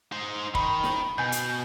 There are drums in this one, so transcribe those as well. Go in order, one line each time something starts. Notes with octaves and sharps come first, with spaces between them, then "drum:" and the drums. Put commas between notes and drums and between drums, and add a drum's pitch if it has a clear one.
D#4 C5
D#3 B5, drum: kick
drum: snare
B2 G#5 G6
drum: hi-hat